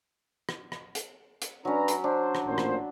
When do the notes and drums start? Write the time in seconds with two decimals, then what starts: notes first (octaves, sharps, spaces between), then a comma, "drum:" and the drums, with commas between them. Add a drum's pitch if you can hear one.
0.49 drum: rim click
0.72 drum: rim click
0.95 drum: hi-hat
1.42 drum: hi-hat
1.65 F#3 C#4 D4 B4 A#5
1.88 drum: hi-hat
2.04 D4 C5
2.35 drum: rim click
2.45 A1 A#2 C5
2.58 drum: rim click